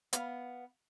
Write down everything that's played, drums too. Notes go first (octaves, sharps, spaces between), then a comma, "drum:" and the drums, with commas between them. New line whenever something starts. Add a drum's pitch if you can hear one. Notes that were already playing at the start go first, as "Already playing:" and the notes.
B3 F5, drum: hi-hat